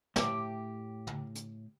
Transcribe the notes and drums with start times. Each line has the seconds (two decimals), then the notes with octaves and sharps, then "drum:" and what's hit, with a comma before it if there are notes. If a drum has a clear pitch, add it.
0.16 A2 G4, drum: snare
1.07 drum: tom
1.35 drum: hi-hat